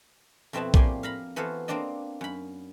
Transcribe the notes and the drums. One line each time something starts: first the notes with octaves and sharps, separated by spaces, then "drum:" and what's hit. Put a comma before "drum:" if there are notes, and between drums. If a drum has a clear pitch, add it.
F2 B2 C4 E4 B4 A5
A2 A#3 G4 D5 G#5 C6, drum: kick A#1
F5 A#5 B5
E3 B3 F#4 A4 C5 F5
A#3 C4 D4 D5 D#5
F#2 B5